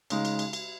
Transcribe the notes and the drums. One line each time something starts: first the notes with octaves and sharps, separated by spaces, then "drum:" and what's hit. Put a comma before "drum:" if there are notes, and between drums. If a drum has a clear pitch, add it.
C#3 G#3 D#4, drum: cymbal
drum: cymbal
drum: cymbal
drum: cymbal